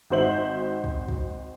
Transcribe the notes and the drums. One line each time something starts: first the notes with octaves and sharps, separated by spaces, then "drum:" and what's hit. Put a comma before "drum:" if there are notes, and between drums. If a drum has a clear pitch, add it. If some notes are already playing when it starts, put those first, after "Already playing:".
G#1 D#4 F#4 C5 E5 F#7
drum: kick
drum: kick